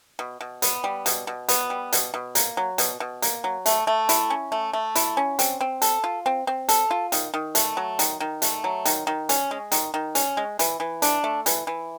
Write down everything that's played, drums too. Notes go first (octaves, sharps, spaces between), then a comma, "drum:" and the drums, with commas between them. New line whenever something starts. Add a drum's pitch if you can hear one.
B2
B2
B3, drum: hi-hat
G3
B2, drum: hi-hat
B2
B3, drum: hi-hat
G3
B2, drum: hi-hat
B2
A#3, drum: hi-hat
F#3
B2, drum: hi-hat
B2
A#3, drum: hi-hat
F#3
A3, drum: hi-hat
A3
E4, drum: hi-hat
C#4
A3
A3
E4, drum: hi-hat
C#4
C4, drum: hi-hat
C4
A4, drum: hi-hat
F4
C4
C4
A4, drum: hi-hat
F4
D#3, drum: hi-hat
D#3
A3, drum: hi-hat
F#3
D#3, drum: hi-hat
D#3
A3, drum: hi-hat
F#3
D#3, drum: hi-hat
D#3
C#4, drum: hi-hat
G#3
D#3, drum: hi-hat
D#3
C#4, drum: hi-hat
G#3
E3, drum: hi-hat
E3
D4, drum: hi-hat
A3
E3, drum: hi-hat
E3